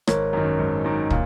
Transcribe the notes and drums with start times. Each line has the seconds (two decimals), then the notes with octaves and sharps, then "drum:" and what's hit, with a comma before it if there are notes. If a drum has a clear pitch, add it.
0.07 G#1 A#4 C#5, drum: rim click
0.33 F#2 D#3
0.59 G#1
0.84 F#2 D#3
1.10 A#2, drum: kick